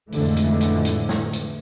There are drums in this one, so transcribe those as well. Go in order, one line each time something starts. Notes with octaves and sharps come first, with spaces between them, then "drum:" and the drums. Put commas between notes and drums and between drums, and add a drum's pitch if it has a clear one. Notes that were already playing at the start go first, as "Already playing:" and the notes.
F2 A2 D3 E3 G#3 A3, drum: open hi-hat
drum: hi-hat
drum: hi-hat
drum: hi-hat
drum: snare
drum: hi-hat